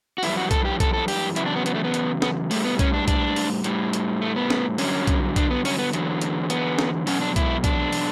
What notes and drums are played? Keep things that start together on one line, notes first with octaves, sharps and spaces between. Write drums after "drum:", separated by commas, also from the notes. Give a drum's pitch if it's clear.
F#4
F#2 E3 G3 E4, drum: open hi-hat
F#4
A4, drum: kick, hi-hat
G4
A4, drum: kick, hi-hat
A4
G4, drum: open hi-hat
E2 C#3 F#3 E4, drum: hi-hat
D4
B3
B3, drum: hi-hat
A3
B3
drum: hi-hat
B3, drum: snare
A2 G3 A3, drum: open hi-hat
B3
C#4, drum: kick, hi-hat
D4
D4, drum: kick, hi-hat
drum: open hi-hat
A2 G3, drum: hi-hat
drum: hi-hat
A3
B3
drum: snare
G2 D3 F#3 C#4, drum: open hi-hat
drum: kick, hi-hat
D4, drum: kick, hi-hat
B3
C#4, drum: open hi-hat
B3
E2 D3 F#3, drum: hi-hat
drum: hi-hat
B3, drum: hi-hat
drum: snare
E2 B2 F#3 C#4, drum: open hi-hat
D4
E4, drum: kick, hi-hat
D4, drum: kick, hi-hat
drum: open hi-hat